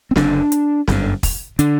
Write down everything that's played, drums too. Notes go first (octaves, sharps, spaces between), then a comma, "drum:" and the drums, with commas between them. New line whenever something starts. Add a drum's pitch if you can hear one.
C4
F#1 F#2 D3 D4, drum: snare C4
drum: hi-hat
G1 F#2 D3, drum: snare C4
drum: kick, open hi-hat
D3 D4, drum: hi-hat